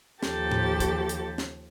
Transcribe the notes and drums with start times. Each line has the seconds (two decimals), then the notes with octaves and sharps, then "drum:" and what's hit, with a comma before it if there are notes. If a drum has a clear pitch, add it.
0.23 D#2 F3 G4 A4 A6, drum: snare
0.51 drum: tom A2
0.80 drum: kick, hi-hat
1.09 drum: hi-hat
1.38 drum: snare